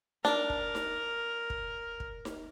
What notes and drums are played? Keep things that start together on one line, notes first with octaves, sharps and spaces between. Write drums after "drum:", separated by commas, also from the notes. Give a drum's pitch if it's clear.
D4 A#4, drum: snare D#4
drum: kick
drum: snare D#4
drum: kick
drum: kick
drum: snare D#4